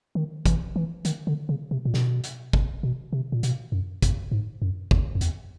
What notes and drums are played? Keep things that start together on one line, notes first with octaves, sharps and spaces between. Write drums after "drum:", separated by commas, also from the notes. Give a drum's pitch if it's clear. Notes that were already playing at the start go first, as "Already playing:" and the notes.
D#3
E3, drum: kick, hi-hat
E3
D#3, drum: hi-hat
D3
C#3
C3
A#2
B2, drum: snare
drum: hi-hat
drum: kick
B2
C3
A#2
B2, drum: hi-hat
F#2
F2, drum: kick, hi-hat
G#2
F#2
E2, drum: kick
F2
E2, drum: hi-hat